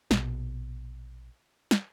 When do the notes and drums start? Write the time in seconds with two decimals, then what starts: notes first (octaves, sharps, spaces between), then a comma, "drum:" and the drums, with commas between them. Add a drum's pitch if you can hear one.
0.11 A#1 B2, drum: snare
1.71 drum: snare